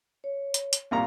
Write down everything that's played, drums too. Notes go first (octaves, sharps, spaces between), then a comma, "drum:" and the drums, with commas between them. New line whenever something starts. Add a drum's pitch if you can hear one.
C#5
drum: hi-hat
drum: hi-hat
C2 A#2 F5 A#5